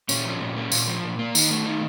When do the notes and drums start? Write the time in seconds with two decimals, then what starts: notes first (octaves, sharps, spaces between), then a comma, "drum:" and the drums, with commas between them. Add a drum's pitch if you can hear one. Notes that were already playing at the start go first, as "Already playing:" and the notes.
0.09 A#2 C#4, drum: tambourine
0.25 F3
0.40 A#2
0.56 A#3
0.72 A#2, drum: tambourine
0.88 F3
1.04 A#2
1.19 A#3
1.35 D#3 D#4, drum: tambourine
1.51 A3
1.66 D#3 D#4